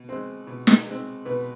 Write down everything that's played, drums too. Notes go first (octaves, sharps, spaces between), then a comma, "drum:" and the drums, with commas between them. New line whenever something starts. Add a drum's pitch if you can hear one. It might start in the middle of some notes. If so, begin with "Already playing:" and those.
Already playing: B2
G#3 C4 C5
B2
drum: snare
G#3 C4
B2 B4